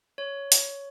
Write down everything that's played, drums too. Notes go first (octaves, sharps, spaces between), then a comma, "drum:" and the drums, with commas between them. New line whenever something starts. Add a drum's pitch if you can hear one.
C#5
drum: hi-hat